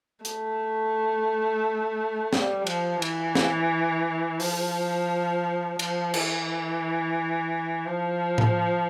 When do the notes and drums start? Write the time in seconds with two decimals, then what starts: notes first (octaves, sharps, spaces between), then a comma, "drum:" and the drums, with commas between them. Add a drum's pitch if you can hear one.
0.25 A3, drum: hi-hat
2.33 G3, drum: snare
2.67 F3, drum: cymbal
3.02 E3, drum: cymbal
3.35 drum: snare
4.40 F3, drum: open hi-hat
5.79 F3, drum: cymbal
6.14 E3, drum: cymbal
7.87 F3
8.38 drum: tom A2